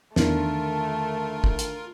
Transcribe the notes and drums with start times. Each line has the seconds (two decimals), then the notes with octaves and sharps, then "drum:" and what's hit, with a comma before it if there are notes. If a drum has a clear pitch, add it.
0.16 E2 D3 D#3 A3 F4 A#4, drum: snare
1.44 drum: kick
1.59 drum: hi-hat